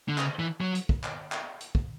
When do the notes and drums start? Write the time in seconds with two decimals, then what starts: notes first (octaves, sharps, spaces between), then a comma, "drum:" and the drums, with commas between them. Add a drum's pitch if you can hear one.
0.09 D3
0.18 C#3, drum: clap
0.39 E3
0.61 F#3
0.75 drum: hi-hat
0.89 drum: kick
1.04 drum: clap
1.32 drum: clap
1.61 drum: hi-hat
1.75 drum: kick